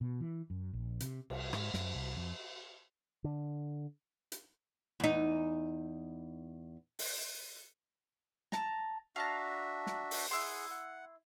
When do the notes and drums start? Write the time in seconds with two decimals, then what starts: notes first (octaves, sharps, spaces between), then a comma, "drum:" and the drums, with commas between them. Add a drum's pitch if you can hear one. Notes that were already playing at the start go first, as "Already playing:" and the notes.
0.01 B2
0.21 E3
0.50 F#2
0.73 A#1
1.00 C3, drum: hi-hat
1.30 C2, drum: cymbal
1.53 G#2, drum: rim click
1.74 F#2, drum: snare
1.95 C2
2.16 F2
3.24 D3
4.32 drum: hi-hat
5.00 E2 D#4
6.99 drum: open hi-hat
8.52 A5 A#5, drum: snare
9.16 D4 F#4 E5 F5 A5 A#5
9.87 drum: snare
10.11 drum: open hi-hat
10.31 E4 G#4 F#5 C6
10.71 F#5